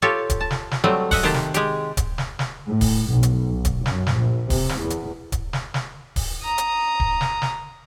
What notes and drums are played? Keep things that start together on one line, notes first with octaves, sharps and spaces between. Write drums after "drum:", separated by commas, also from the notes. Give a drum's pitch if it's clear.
F4 G4 A4 C#5 F5
drum: kick D1, hi-hat
A5
drum: snare
drum: snare
F#3 G3 A3 C4
D#5 E5 F#5, drum: kick D1, open hi-hat
C3 D#3 G4 C5 A5
drum: snare
G#3 G4, drum: hi-hat
drum: kick D1, hi-hat
drum: snare
drum: snare
A2
drum: kick D1, open hi-hat
B1
drum: hi-hat
B1
drum: kick D1, hi-hat
F#2, drum: snare
drum: snare
A#1
C3, drum: kick D1, open hi-hat
drum: snare
E2
drum: hi-hat
drum: kick D1, hi-hat
drum: snare
drum: snare
drum: kick D1, open hi-hat
A#5 D#6
drum: hi-hat
drum: kick D1
drum: snare
drum: snare